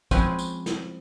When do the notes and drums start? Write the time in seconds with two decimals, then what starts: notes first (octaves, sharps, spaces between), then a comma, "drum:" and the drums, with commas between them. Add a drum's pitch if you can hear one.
0.11 F3 G#3 C4 C#4 B4 G#5, drum: kick, tambourine
0.39 drum: tambourine
0.66 drum: snare